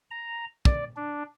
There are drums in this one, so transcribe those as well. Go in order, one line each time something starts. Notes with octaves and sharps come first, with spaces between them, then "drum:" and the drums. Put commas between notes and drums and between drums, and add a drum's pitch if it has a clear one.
A#5
D5, drum: kick
D4